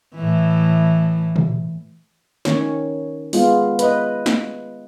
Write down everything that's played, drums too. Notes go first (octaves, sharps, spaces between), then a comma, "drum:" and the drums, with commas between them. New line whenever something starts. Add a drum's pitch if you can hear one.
A2 E3
drum: tom A#2
D#3 C#4 C#5, drum: snare
G#3 B3 F4, drum: open hi-hat
B4 D#5, drum: hi-hat
drum: snare